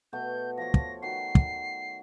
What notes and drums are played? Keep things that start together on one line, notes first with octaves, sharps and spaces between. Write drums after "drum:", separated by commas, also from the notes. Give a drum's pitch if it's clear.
B2 A3 F#4 G6
F3 C#5 A#6
drum: kick
D#3 F#4 C7
drum: kick